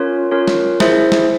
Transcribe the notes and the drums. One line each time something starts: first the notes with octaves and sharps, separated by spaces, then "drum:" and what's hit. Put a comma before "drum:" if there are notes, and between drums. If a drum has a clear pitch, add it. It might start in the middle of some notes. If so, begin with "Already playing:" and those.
Already playing: C#4 F4 A#4 C#5
C#4 F4 A#4 C#5
drum: snare
E4 G#4 C5 E5, drum: snare
drum: snare